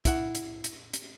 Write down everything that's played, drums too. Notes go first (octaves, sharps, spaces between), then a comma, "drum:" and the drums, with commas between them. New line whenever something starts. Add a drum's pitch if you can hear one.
E4 F#5, drum: kick, hi-hat
drum: hi-hat
drum: hi-hat
drum: hi-hat